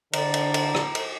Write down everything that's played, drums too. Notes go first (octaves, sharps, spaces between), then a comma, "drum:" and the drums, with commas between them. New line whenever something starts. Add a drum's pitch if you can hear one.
D3 D5 A#5, drum: cymbal
drum: cymbal
drum: cymbal
drum: rim click
drum: cymbal